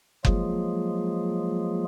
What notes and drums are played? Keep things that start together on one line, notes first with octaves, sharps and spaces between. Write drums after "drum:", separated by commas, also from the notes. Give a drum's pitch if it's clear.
F3 F#3 G#3 A#3 F4 G#4, drum: kick F#1